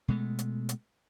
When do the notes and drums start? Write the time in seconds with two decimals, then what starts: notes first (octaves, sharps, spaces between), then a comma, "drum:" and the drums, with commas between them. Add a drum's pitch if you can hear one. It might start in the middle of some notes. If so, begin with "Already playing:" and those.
0.08 B2 G#3 A3
0.39 drum: hi-hat
0.69 drum: hi-hat